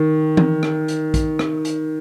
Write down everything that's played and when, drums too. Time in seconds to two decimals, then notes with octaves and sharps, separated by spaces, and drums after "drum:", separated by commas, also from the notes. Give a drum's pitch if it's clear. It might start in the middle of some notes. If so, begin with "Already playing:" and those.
Already playing: D#3
0.37 drum: tom E3
0.63 drum: rim click
0.88 drum: hi-hat
1.14 drum: kick, hi-hat
1.39 drum: rim click
1.65 drum: hi-hat